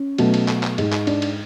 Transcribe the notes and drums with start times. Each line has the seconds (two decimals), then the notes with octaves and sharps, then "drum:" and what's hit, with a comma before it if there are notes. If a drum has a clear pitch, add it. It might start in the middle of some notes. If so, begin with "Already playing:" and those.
Already playing: C#4
0.18 B2 F#3 A3, drum: cymbal
0.34 drum: cymbal
0.48 drum: clap
0.63 drum: clap
0.78 G#2 G#3, drum: cymbal
0.93 drum: clap
1.07 D4, drum: cymbal
1.22 drum: cymbal